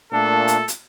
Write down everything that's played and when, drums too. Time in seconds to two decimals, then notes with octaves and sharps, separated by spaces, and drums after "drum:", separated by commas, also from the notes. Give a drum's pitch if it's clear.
0.13 A#2 A3 D4 A4
0.48 drum: hi-hat
0.68 drum: hi-hat